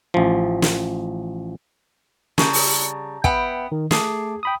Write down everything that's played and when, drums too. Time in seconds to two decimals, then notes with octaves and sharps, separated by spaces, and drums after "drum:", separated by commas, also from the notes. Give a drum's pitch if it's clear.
0.14 A1 F3
0.62 drum: snare
2.38 C#3 G3 A5 A#5, drum: snare
2.53 drum: open hi-hat
3.24 B3 E5 G5, drum: kick
3.72 D#3
3.91 A3 G#4 A5 D6, drum: snare
4.43 G5 B5 D#6